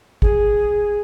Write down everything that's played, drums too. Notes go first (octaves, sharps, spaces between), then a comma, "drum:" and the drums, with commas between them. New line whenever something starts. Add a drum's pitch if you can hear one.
G#4, drum: kick